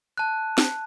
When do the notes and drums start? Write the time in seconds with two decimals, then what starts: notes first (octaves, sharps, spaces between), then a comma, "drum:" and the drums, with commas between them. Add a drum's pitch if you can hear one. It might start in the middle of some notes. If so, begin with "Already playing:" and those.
0.17 A5 F#6
0.58 drum: snare